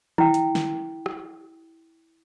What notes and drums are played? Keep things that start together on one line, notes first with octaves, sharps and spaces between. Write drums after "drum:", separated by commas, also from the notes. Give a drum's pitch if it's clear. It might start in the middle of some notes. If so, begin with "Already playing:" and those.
E4 G5, drum: tom D#3
drum: hi-hat
drum: snare
drum: rim click